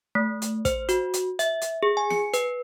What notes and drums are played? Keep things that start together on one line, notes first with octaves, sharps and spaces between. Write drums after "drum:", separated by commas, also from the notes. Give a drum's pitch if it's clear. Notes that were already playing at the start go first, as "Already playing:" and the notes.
A3
drum: hi-hat
C5, drum: kick, hi-hat
F#4, drum: hi-hat
drum: hi-hat
E5, drum: hi-hat
drum: hi-hat
G#4
G#5
C#7, drum: snare
B4, drum: hi-hat